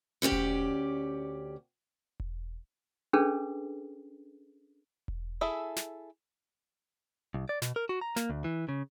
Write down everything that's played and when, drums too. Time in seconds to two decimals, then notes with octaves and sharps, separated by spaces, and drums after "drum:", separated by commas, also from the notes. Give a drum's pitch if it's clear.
0.22 D2 C#4 G4 D5
0.32 drum: kick E1
2.20 drum: kick E1
3.13 C#4 D4 G#4 A4 B4
5.08 drum: kick E1
5.41 E4 G#4 A4 E5
5.76 drum: snare
7.34 C2
7.49 D5
7.62 B2, drum: snare
7.76 A#4
7.89 F#4
8.01 A#5
8.16 A#3, drum: snare
8.30 D2
8.44 E3
8.69 C#3